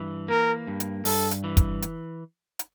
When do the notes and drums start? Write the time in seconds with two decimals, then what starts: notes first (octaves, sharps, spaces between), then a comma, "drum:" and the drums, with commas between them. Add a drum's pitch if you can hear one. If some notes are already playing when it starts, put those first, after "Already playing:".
Already playing: G2 E3
0.28 A#3 A#4
0.67 G2
0.80 drum: hi-hat
1.05 G2 A4, drum: open hi-hat
1.31 drum: hi-hat
1.44 E3
1.57 drum: kick, hi-hat
1.82 drum: hi-hat
2.59 drum: hi-hat